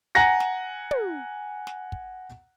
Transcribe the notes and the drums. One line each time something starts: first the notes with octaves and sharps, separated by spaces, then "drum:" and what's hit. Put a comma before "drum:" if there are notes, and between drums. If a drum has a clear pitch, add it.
F#5 G#5 A#5 F#6 A#6 C#7
drum: snare
drum: tom
drum: snare
drum: kick